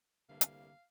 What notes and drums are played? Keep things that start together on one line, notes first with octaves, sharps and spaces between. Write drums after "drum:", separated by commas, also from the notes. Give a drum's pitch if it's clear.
C2 G2 D3 A3 A#3 F5
drum: hi-hat